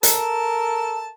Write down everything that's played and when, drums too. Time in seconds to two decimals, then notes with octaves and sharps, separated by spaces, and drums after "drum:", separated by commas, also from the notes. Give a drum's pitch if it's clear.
0.03 A4 A#4 A5, drum: hi-hat